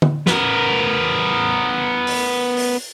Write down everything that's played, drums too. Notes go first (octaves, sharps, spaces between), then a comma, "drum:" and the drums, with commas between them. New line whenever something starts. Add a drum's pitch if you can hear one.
drum: tom D3
B3 A#4, drum: snare
drum: open hi-hat
drum: open hi-hat